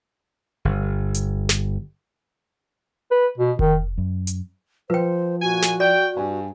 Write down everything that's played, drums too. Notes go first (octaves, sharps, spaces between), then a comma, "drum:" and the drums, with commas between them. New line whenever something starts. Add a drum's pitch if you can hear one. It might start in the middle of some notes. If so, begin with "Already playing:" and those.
G1
drum: hi-hat
drum: snare
B4
B2
D#3, drum: kick F1
F#2
drum: hi-hat
F3 B4 C5 G5
A#2 F#4 G#5
drum: snare
D5 G5
G2 G#5